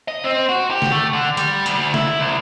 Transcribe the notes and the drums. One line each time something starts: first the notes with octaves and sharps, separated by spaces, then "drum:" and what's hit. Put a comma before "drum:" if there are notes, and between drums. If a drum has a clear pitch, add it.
D#5
C4
F#4
G4
drum: snare
A3
D3
G3, drum: hi-hat
D2, drum: hi-hat
E4, drum: snare
C2